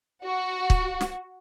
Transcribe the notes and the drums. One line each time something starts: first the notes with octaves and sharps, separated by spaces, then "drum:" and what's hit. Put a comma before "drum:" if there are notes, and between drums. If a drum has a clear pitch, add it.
F#4
drum: kick
drum: snare